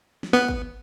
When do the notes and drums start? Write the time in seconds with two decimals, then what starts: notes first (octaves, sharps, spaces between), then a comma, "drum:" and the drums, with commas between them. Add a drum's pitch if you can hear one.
0.23 drum: snare
0.33 B3
0.48 drum: kick G#1